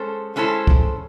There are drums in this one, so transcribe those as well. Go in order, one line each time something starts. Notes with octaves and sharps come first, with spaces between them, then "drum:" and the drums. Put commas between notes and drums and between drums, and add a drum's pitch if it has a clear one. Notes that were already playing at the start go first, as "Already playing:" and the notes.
Already playing: G#3 C#4 A4 C5
G#3 C#4 E4 A4 C5
drum: kick